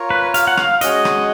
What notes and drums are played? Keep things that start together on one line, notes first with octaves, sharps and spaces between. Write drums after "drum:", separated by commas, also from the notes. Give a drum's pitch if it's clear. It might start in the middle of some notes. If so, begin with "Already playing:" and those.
Already playing: F4 A#4 C#5
B4
F5, drum: hi-hat
F#5
F5, drum: rim click
G#3 C#4 F#4 C#5 D#5 F#5, drum: hi-hat
drum: rim click